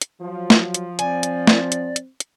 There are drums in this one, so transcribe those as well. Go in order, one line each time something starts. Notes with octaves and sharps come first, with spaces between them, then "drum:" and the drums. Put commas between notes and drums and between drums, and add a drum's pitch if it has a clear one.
drum: hi-hat
F3 F#3
drum: snare
drum: hi-hat
C4 D5 G#5, drum: hi-hat
drum: hi-hat
drum: snare
drum: hi-hat
drum: hi-hat
drum: hi-hat